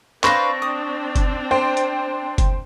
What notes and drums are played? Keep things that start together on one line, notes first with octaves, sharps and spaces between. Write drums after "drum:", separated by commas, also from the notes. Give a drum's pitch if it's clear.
C4 D4 B4 C5 F5 C#6 A#6, drum: clap
D#6
drum: kick F#1, hi-hat
C5 G5
drum: hi-hat
drum: kick F#1, hi-hat